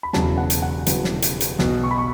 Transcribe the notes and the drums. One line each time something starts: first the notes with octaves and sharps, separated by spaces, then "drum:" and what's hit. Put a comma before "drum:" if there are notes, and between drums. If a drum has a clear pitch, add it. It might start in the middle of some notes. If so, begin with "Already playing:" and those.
B5
E1 E2 C#3 F#3 A5, drum: snare
F#5
drum: hi-hat
F#5
E1 E2 C#3 F#3, drum: hi-hat
drum: snare
drum: hi-hat
drum: hi-hat
B1 B2 B3, drum: snare
C#6
B5
C#6